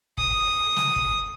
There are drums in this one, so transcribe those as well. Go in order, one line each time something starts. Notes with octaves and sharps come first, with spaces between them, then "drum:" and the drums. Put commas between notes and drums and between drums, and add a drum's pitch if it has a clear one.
D#6, drum: kick
drum: snare
drum: kick